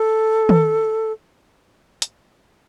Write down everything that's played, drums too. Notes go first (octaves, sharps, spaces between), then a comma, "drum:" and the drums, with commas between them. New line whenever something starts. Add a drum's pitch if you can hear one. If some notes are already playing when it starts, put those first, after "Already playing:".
Already playing: A4
drum: tom D#3
drum: hi-hat